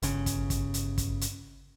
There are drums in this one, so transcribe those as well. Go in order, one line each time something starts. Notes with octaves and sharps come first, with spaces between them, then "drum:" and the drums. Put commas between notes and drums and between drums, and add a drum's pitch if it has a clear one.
G1 C#3, drum: hi-hat
drum: kick, hi-hat
drum: kick, hi-hat
drum: hi-hat
drum: kick, hi-hat
drum: hi-hat